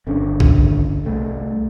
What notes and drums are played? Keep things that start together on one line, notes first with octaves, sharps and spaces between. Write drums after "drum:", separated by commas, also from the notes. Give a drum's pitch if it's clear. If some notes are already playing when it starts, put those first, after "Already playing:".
G1 D3 C#4
drum: kick
C2 A3